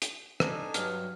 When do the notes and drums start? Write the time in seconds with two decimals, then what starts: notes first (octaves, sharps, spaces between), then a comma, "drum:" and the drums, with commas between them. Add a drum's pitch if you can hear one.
0.02 drum: hi-hat
0.40 D4 D#4 A4 G#5, drum: rim click
0.74 G2 F#3 B4 F6, drum: hi-hat